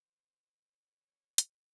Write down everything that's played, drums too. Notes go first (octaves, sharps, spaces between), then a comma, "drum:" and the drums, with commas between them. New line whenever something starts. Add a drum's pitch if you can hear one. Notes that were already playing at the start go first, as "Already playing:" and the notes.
Already playing: C5
C#5
drum: hi-hat